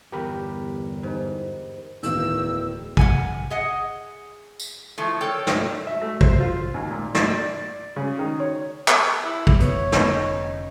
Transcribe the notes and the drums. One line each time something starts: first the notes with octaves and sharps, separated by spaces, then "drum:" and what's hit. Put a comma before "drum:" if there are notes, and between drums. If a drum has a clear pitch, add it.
G1 E2 G4 A#4 B5
G#2
D1 E2 D#3 A#3 E6, drum: hi-hat
A#3 F#5 G#5, drum: kick
G#4 D#5 F#5
drum: tambourine
E3 F3 A3
A4 A#4 C#5 D5 G5
drum: snare
E5
A3
C5, drum: kick
F4
D#2
A#2
D5, drum: snare
C#3
D#3
C#5
drum: clap
E4
drum: kick
F1 D3 B3 C#5, drum: hi-hat
C#3 B3 D#4, drum: snare